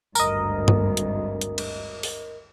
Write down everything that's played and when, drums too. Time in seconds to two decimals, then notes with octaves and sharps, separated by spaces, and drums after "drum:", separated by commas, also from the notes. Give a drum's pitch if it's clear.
0.15 G#1 D2 G2 A#4 D#5, drum: tambourine
0.68 drum: tom G2
0.97 drum: hi-hat
1.41 drum: hi-hat
1.58 drum: cymbal
2.03 drum: open hi-hat